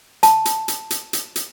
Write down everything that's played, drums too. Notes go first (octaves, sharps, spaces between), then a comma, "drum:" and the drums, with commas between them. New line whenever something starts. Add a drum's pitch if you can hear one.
A5, drum: hi-hat
drum: hi-hat
drum: hi-hat
drum: hi-hat
drum: hi-hat
drum: hi-hat